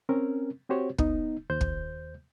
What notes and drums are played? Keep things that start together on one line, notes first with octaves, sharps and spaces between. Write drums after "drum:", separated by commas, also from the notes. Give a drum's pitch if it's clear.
C4 C#4 A#4
C4 F#4 G4 C5 C#5
B3 D#4, drum: kick
D#2 C5 G6
drum: kick